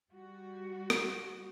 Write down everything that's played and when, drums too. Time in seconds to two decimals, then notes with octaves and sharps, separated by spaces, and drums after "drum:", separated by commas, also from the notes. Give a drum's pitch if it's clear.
0.13 G3 F#4
0.90 drum: rim click